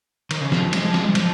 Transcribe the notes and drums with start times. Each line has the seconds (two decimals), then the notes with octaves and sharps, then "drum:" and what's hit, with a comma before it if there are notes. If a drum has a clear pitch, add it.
0.31 D#3, drum: cymbal
0.41 C#3
0.52 F3, drum: snare
0.73 G#3, drum: cymbal
0.84 F3
0.94 G#3, drum: snare
1.05 G3
1.15 F3, drum: cymbal